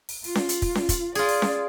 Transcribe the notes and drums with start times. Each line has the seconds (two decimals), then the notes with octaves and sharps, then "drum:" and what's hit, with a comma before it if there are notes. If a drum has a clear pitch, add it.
0.09 drum: open hi-hat
0.24 F4, drum: open hi-hat
0.35 drum: snare C#4
0.49 drum: hi-hat
0.62 drum: kick, open hi-hat
0.75 drum: snare C#4
0.89 drum: kick, hi-hat
1.15 F4 G#4 D5, drum: open hi-hat
1.29 drum: open hi-hat
1.42 drum: snare C#4